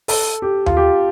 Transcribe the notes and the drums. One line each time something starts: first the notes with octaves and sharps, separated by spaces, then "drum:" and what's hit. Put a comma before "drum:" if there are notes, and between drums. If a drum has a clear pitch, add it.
A4, drum: open hi-hat
G4
F4, drum: tom D#2
G4